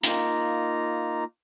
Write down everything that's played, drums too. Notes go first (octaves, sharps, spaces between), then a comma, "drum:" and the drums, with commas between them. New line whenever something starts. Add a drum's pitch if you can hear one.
A#3 D#4 F4 A#5, drum: hi-hat